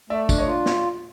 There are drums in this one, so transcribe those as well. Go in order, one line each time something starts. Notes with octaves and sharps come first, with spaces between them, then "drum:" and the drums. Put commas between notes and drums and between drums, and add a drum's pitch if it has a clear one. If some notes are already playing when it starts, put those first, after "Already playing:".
A3 D5 E5
D4, drum: kick, tambourine
C#5 D#5
F4
drum: snare